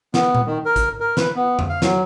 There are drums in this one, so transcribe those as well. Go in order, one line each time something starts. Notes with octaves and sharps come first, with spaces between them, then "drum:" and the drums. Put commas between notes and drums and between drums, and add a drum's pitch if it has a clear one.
B3, drum: snare
drum: tom A#2
D#3
A#4
drum: kick, hi-hat
A#4
B4, drum: snare
B3
drum: tom F2
F5
F#3, drum: snare